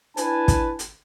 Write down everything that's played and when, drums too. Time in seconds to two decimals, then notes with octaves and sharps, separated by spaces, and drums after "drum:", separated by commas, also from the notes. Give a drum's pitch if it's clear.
0.17 D4 E4 B4 G#5 A5, drum: hi-hat
0.48 drum: kick, hi-hat
0.79 drum: hi-hat